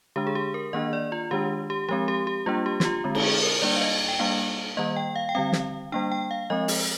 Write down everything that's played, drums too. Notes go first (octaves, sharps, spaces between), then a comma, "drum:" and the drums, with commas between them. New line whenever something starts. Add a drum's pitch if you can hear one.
D3 G#3 D4 G4
G#4
G4
A#4
D#3 A#3 D4 D#5
D5
F4
D#3 G#3 D4 G4
G4
F3 G#3 C4 G4
G4
G4
G3 A#3 D4 F4
G4
G4, drum: snare
F4
D3 G#3 C4
drum: cymbal
G#4
A#4
G3 A#3 D4 D5
F5
D#5
G5
G3 A#3 D4 F5
D#3 G3 A#3 D#5
G5
F5
G5
D3 G3 C4 F5
drum: snare
G3 A#3 D4 G5
G5
F5
F3 G#3 C4 D#5
drum: open hi-hat